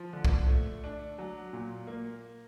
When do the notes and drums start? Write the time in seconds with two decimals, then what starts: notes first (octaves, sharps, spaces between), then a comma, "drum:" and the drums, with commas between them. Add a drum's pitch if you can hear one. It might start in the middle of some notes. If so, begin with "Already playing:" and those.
Already playing: F3
0.13 D3
0.25 drum: kick B1
0.48 A3
0.84 D4
1.19 F#3
1.53 A#2
1.87 A#3